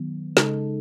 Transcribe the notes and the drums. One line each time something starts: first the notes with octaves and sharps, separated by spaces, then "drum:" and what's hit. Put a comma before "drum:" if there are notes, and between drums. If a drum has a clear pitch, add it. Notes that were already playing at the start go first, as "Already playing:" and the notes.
Already playing: D#3 F#3 B3
C#3 G#3 D#4 A4, drum: snare